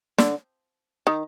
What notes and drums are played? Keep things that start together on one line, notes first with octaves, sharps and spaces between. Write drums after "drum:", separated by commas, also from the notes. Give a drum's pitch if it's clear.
D3, drum: snare
D#3